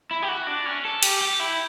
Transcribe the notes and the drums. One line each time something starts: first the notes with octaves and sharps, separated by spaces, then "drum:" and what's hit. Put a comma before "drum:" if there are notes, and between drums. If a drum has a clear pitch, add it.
E4
G4
F#4
D4
C#4
A4
G4, drum: cymbal
G4
E4